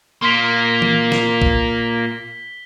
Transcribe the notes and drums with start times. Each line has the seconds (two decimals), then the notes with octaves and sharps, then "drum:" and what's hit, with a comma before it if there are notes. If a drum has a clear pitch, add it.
0.22 A#2 A#3 C6 B6 G7
0.82 drum: tom E3
1.12 drum: snare
1.42 drum: kick